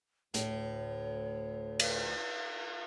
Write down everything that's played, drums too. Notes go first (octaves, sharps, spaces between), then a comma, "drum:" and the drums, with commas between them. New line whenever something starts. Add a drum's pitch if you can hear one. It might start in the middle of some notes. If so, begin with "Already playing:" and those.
D2 A2 C#5, drum: hi-hat
drum: cymbal